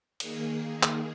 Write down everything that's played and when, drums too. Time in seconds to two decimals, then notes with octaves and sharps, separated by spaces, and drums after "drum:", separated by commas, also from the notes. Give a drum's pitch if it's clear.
0.20 D#3 A#3 G#4, drum: cymbal
0.59 G#4
0.83 drum: clap